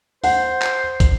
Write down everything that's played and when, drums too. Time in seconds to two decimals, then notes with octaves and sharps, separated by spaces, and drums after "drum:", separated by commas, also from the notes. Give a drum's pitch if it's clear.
0.24 C5 F#5, drum: open hi-hat
0.62 drum: clap
1.00 drum: kick, hi-hat